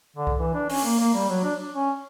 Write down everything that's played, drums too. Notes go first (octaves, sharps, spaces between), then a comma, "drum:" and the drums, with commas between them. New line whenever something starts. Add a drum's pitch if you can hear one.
D3
drum: kick C2
E3
D4
C#4, drum: open hi-hat
A#3
A#3
G3
F#3
D4
C#4